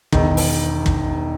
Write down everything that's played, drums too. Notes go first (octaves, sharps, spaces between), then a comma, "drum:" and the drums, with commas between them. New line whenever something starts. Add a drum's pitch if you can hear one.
E1 E2 D#3, drum: kick
drum: open hi-hat
drum: kick